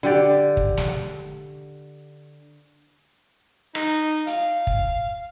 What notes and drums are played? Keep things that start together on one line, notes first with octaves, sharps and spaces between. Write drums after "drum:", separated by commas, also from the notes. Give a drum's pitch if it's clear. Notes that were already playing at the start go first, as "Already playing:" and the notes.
D3 G4 D5
drum: kick
drum: snare
D#4, drum: rim click
F5, drum: hi-hat
drum: kick